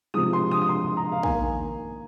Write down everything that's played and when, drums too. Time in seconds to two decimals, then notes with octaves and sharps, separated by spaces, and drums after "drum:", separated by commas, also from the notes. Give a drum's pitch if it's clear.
0.14 C3 F3 G#3 D#6
0.33 C6
0.51 D#6
0.62 D#6
0.69 C6
0.97 A#5
1.12 F5
1.23 D#3 A#3 G#5, drum: kick